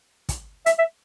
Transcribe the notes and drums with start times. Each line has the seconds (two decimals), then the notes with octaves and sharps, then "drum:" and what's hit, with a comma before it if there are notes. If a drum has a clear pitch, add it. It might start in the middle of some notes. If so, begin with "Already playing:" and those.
0.29 drum: kick, hi-hat
0.66 E5, drum: hi-hat
0.78 E5